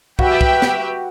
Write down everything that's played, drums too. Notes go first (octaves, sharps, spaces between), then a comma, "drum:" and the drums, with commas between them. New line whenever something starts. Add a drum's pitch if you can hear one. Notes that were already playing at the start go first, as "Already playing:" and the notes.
F#4 G4 B4 E5 G5, drum: kick
drum: kick
drum: snare